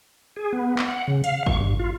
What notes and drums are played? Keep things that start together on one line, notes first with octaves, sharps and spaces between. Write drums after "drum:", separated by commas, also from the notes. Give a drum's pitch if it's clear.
G#4
B3
drum: clap
F#5
C#3
F5, drum: hi-hat
C#6, drum: kick G#1
G2
F4